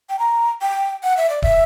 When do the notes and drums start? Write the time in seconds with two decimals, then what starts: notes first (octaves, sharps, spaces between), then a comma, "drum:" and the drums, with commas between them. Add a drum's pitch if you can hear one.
0.10 G5
0.19 A#5
0.62 G5
1.03 F#5
1.17 E5
1.29 D5
1.42 E5, drum: kick D1